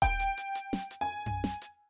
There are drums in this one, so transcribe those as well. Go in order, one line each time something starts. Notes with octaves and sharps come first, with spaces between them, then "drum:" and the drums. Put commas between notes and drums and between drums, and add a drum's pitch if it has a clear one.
G5, drum: kick D#1, hi-hat
drum: hi-hat
drum: hi-hat
drum: hi-hat
drum: snare
drum: hi-hat
G#5
drum: tom F#2
drum: snare
drum: hi-hat